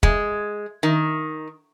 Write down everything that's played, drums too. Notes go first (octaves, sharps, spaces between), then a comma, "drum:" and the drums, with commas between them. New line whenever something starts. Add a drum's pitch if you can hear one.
G#3, drum: kick
D#3